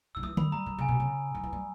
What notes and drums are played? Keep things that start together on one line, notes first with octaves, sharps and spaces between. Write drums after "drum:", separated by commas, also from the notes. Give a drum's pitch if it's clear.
D#3 E6
E3 D#6
G3 B5, drum: tom D3
G3 A#5
D#3
C#3 G#5
B2
C#3
D#3
E3
G3